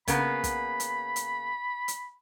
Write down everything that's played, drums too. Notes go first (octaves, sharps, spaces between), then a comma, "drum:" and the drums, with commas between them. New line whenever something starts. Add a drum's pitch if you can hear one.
C#3 A#3 B3 B5, drum: kick, hi-hat
drum: kick, hi-hat
drum: hi-hat
drum: hi-hat
drum: hi-hat